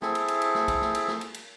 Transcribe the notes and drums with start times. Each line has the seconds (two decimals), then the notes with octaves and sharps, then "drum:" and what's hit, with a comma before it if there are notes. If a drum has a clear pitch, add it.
0.02 C4 E4 G#4 A4, drum: snare
0.15 drum: cymbal
0.28 drum: cymbal
0.42 drum: cymbal
0.55 drum: snare
0.68 drum: kick, cymbal
0.81 drum: snare
0.95 drum: cymbal
1.08 drum: snare
1.21 drum: cymbal
1.34 drum: cymbal